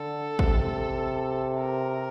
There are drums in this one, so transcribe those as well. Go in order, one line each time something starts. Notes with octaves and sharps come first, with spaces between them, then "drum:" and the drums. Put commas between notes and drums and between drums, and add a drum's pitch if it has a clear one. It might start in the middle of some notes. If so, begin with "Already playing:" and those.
Already playing: D3 A4
C3, drum: kick A1
A#4